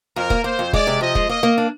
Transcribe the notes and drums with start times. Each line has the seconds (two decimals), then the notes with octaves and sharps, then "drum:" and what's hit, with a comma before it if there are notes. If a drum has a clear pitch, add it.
0.16 F2 A#4
0.30 A#3, drum: kick
0.44 A#3 C5
0.59 F2
0.73 G#3 D5, drum: kick
0.87 C3
1.01 F3 D#5
1.15 G#3, drum: kick
1.29 A#3 D#5
1.43 A#3
1.58 D4